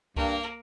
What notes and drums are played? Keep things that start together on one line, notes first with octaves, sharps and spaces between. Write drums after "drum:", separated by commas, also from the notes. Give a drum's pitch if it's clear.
G2 A#3, drum: kick C2